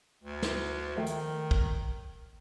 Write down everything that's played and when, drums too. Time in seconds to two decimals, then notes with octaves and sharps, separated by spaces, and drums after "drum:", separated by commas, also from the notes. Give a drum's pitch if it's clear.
0.24 D2
0.42 drum: snare
0.96 D#3 F3 A3 G5
1.06 drum: hi-hat
1.51 drum: kick